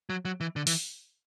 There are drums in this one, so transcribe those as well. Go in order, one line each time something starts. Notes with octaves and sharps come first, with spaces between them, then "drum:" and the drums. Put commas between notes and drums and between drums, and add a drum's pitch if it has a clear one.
F#3
F#3
E3
D3
E3, drum: open hi-hat